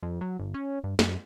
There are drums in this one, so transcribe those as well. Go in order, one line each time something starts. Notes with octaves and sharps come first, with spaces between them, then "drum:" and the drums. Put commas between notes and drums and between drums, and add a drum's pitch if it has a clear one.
F2
F#3
G1
C#4
G2
F#2, drum: snare